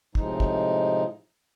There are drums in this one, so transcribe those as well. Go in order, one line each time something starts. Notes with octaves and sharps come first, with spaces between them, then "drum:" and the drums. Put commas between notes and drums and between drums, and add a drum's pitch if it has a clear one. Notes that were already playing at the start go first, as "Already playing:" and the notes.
A2 C3 F3 G#3 D#4, drum: kick
drum: kick